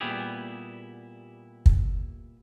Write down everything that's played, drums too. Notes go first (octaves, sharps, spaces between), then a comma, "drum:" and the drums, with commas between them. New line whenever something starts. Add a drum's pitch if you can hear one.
A#2 G3 B3 E4 G4 G#4
drum: kick